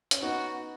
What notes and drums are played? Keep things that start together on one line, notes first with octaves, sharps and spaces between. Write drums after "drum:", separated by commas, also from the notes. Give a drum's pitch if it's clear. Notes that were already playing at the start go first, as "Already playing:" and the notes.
C#4, drum: hi-hat
B3 D#4 F#4